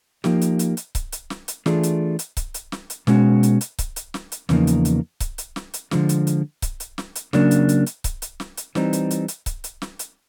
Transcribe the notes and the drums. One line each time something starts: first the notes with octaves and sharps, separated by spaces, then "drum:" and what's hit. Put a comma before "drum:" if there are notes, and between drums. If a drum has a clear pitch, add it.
F3 A#3 D#4 G4, drum: snare
drum: hi-hat
drum: hi-hat
drum: hi-hat
drum: kick C#1, hi-hat
drum: hi-hat
drum: snare
drum: hi-hat
E3 A3 D4 F4 G#4, drum: snare
drum: hi-hat
drum: hi-hat
drum: kick C#1, hi-hat
drum: hi-hat
drum: snare
drum: hi-hat
B2 G#3 C#4 F#4, drum: snare
drum: hi-hat
drum: hi-hat
drum: kick C#1, hi-hat
drum: hi-hat
drum: snare
drum: hi-hat
E2 C#3 F3 A#3 D#4, drum: snare
drum: hi-hat
drum: hi-hat
drum: kick C#1, hi-hat
drum: hi-hat
drum: snare
drum: hi-hat
D3 F3 G#3, drum: snare
drum: hi-hat
drum: hi-hat
drum: kick C#1, hi-hat
drum: hi-hat
drum: snare
drum: hi-hat
C#3 F#3 A#3 D4, drum: snare
drum: hi-hat
drum: hi-hat
drum: hi-hat
drum: kick C#1, hi-hat
drum: hi-hat
drum: snare
drum: hi-hat
E3 G3 C4 D#4, drum: snare
drum: hi-hat
drum: hi-hat
drum: hi-hat
drum: kick C#1, hi-hat
drum: hi-hat
drum: snare
drum: hi-hat